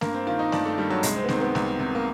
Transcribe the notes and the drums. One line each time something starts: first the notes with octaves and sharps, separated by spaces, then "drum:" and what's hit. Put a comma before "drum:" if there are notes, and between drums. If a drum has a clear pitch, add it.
G2 A#3, drum: snare A3
C4
D#3 F4
D#4
G2 D4, drum: snare A3
A3
D#3 G3
F#3
C2 G#3, drum: hi-hat
C4
B3
C3 D#3 C4, drum: snare A3
B3
C2, drum: snare A3
C3 D#3
A#3